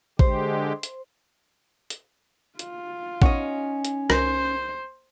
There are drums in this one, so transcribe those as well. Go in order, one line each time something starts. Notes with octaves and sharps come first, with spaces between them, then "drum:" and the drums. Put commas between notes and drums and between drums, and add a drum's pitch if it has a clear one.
D3 G#3 G4 C5, drum: kick A1
drum: hi-hat
drum: hi-hat
F4, drum: hi-hat
C#4 D#4 D#5 F#5 C#6, drum: kick A1
drum: hi-hat
C2 A#4 C5, drum: rim click